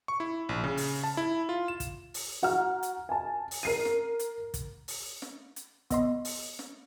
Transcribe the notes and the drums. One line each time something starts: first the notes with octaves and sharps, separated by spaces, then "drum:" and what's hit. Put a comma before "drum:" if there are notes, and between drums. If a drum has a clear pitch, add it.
C#6
E4
A#1
C#3
drum: open hi-hat
A5
E4
F4
E7
drum: kick, hi-hat
drum: open hi-hat
F#4 F#5 A#5 F6
drum: hi-hat
G#5 A5
drum: open hi-hat
A#4 C7 D#7
drum: snare
drum: hi-hat
drum: kick, hi-hat
drum: open hi-hat
drum: snare
drum: hi-hat
B3 D#5 C6, drum: kick, hi-hat
drum: open hi-hat
drum: snare